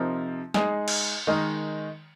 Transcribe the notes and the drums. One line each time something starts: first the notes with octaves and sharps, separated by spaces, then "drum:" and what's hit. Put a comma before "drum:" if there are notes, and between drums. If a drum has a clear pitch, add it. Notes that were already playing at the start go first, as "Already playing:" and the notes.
Already playing: C3 F3 C4 D#4 A#4
G#3 D#4 G#4, drum: snare
drum: cymbal
D#3 G#3 D#4 A#4